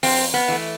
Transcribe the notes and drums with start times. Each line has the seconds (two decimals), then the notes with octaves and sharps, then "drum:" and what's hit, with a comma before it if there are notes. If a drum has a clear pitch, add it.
0.03 F2 C4, drum: open hi-hat
0.34 B3
0.48 E3 A3